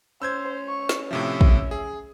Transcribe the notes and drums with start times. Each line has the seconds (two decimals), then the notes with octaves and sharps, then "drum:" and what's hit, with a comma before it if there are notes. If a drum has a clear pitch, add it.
0.22 C#4 C5 E6 G6 G#6
0.68 C#6
0.89 drum: snare
1.11 A2 C3 F3 E5
1.41 drum: kick
1.71 G#4